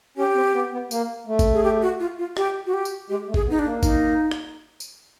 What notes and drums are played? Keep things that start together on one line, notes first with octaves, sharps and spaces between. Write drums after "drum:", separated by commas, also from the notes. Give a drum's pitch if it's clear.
C#4 G4
C4
B3
B3
A#3, drum: tambourine
A3
drum: kick G#1, tambourine
G#4
G4
F#4
F4
F4
G4, drum: rim click
F#4
G4
drum: tambourine
G#3 G4
A3
G#4, drum: kick G#1
B3
D#4
D4
A#3
D#4, drum: kick G#1, tambourine
drum: rim click
drum: tambourine